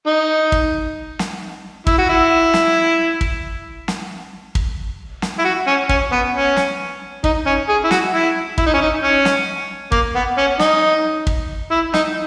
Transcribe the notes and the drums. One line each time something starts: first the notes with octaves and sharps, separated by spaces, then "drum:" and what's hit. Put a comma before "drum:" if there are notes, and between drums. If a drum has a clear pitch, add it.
D#4
drum: kick
drum: snare
E4, drum: kick
F#4
E4
drum: snare
drum: kick
drum: snare
drum: kick
drum: snare
E4
F#4
C#4
C#4, drum: kick
B3
C#4
drum: snare
D#4, drum: kick
C#4
G#4
E4
F#4, drum: snare
E4
E4, drum: kick
D#4
C#4
D#4
C#4
drum: snare
A#3, drum: kick
B3
C#4
D#4, drum: snare
drum: kick
E4
D#4, drum: snare